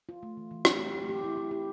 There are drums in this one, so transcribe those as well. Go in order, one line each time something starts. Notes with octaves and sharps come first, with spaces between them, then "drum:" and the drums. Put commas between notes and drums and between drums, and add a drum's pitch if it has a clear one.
F4
A3
E3
E3
C4, drum: rim click
G4
G4
G4
E4
E4
G4